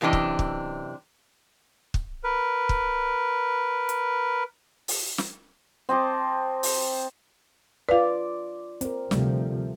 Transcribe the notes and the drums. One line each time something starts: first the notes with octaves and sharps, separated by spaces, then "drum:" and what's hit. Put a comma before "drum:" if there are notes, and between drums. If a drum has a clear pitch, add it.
F#2 C3 E3 D4 D#5
drum: kick
drum: kick
drum: kick
A#4 B4
drum: kick
drum: hi-hat
drum: open hi-hat
drum: snare
C4 D#5 A5 D6
drum: open hi-hat
F4 B4 D5 F5
C4 A#4, drum: hi-hat
D2 C3 F3 G3 A3, drum: snare